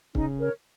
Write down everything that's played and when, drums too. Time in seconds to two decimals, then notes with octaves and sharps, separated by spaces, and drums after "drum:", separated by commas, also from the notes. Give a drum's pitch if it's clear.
0.15 C#3 D#4, drum: kick C#1
0.40 A#4 C#5